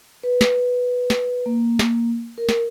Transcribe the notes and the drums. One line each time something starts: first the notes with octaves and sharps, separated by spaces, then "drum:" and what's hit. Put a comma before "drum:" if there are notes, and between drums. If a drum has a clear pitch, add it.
B4
drum: snare
drum: snare
A#3
drum: snare
A#4
drum: snare